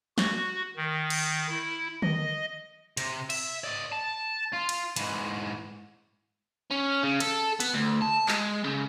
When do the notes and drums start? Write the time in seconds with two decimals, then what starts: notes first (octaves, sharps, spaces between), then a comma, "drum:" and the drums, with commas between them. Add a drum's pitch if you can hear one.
0.18 F#4, drum: snare
0.77 D#3
1.10 drum: cymbal
1.49 E4
2.02 D#5, drum: tom D3
2.97 C3, drum: hi-hat
3.30 E5, drum: cymbal
3.64 D5 D#5
3.92 A5
4.53 F4
4.69 drum: cymbal
4.96 G#2 E3, drum: hi-hat
6.71 C#4
7.03 C#3
7.20 A4, drum: cymbal
7.60 B3, drum: hi-hat
7.74 D2
8.02 A5
8.28 G#3, drum: clap
8.64 C#3